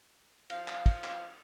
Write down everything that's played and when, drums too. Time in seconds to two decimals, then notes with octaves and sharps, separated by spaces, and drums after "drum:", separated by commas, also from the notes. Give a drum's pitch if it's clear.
0.50 F3 F5, drum: cymbal
0.68 drum: clap
0.86 drum: kick, cymbal
1.04 drum: clap